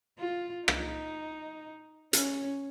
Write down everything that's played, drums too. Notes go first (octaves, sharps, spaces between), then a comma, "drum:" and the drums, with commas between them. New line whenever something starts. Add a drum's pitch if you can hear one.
F4
D#4, drum: rim click
C#4, drum: hi-hat